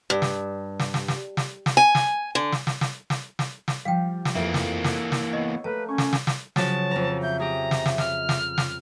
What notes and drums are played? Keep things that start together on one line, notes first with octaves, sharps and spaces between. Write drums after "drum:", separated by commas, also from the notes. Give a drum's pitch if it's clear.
G2
drum: snare
drum: snare
drum: snare
drum: snare
drum: snare
drum: snare
G#5
drum: snare
D3
drum: snare
drum: snare
drum: snare
drum: snare
drum: snare
drum: snare
F3 G3 F5 G5
drum: snare
F2 E3 A3 A#3 E5
drum: snare
F#5 E6 G#6, drum: snare
drum: snare
B3 C#5 D#5
A3 A#3 B4 A5
C#4 C#6
drum: snare
drum: snare
drum: snare
C#3 F3 F#3 A5, drum: snare
F2 C5 A#5
E5 G6
G4 G#4 A#5
drum: snare
drum: snare
F6, drum: snare
drum: snare
drum: snare